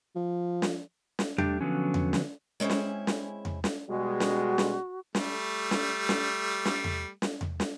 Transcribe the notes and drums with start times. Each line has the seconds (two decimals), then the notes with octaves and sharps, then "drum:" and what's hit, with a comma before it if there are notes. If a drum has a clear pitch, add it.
0.15 F3
0.62 drum: snare
1.19 drum: snare
1.38 G3 A3 D4 G4, drum: tom E2
1.61 D3 F3 F#3 B3 C#4
1.94 drum: tom E2
2.13 drum: snare
2.60 G#3 C4 C#4 E4 G#4
2.70 drum: snare
3.07 drum: snare
3.45 drum: tom E2
3.64 drum: snare
3.89 B2 G3 G#3 F#4
4.20 drum: snare
4.58 drum: snare
5.15 G3 A3, drum: snare
5.71 drum: snare
6.09 drum: snare
6.65 drum: snare
6.84 drum: tom E2
7.22 drum: snare
7.41 drum: tom E2
7.60 drum: snare